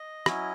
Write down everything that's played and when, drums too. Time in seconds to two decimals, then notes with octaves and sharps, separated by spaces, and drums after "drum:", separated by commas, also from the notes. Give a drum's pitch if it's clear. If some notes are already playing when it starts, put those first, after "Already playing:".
Already playing: D#5
0.26 F#3 C#4 E4, drum: rim click